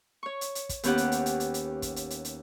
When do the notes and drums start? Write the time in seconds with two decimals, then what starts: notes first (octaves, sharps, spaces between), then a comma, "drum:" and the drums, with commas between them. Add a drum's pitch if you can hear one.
0.23 C#5 C#6
0.41 drum: hi-hat
0.55 drum: hi-hat
0.69 drum: kick, hi-hat
0.83 D#2 B3 C#4 G4 F#5, drum: hi-hat
0.98 drum: hi-hat
1.12 drum: hi-hat
1.26 drum: hi-hat
1.40 drum: hi-hat
1.54 drum: hi-hat
1.82 drum: kick, hi-hat
1.96 drum: hi-hat
2.10 drum: hi-hat
2.25 drum: hi-hat